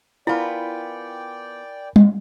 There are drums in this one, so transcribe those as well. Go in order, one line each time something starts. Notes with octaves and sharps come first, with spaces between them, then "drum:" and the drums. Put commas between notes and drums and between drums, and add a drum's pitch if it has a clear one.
B3 E4 F4 A#4 D5 G5 G#5 B5
drum: tom G3